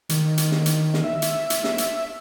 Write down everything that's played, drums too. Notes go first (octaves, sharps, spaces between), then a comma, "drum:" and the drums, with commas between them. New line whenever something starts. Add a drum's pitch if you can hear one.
D#3, drum: hi-hat
drum: hi-hat
drum: snare
drum: hi-hat
drum: snare
E5
drum: hi-hat
drum: hi-hat
drum: snare
drum: hi-hat